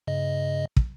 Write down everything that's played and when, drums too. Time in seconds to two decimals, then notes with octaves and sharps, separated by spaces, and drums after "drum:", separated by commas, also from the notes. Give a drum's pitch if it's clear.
0.07 G2 C#3 D#5
0.77 drum: kick